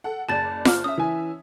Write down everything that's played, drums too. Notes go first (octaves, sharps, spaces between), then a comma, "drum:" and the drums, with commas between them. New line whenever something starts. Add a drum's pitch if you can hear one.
A4 F#5
F#1 D5 A5 A6
D6 F6, drum: snare F4
C#4 E5 D#6
E3 G#5